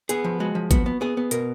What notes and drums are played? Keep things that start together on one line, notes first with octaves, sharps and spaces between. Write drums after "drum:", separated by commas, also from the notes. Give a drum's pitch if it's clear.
B3 G#4, drum: hi-hat
F3
G#3 F#4
F3
B3 F#4, drum: kick G#1, hi-hat
B3
B3 G#4
B3
B2 A#4, drum: hi-hat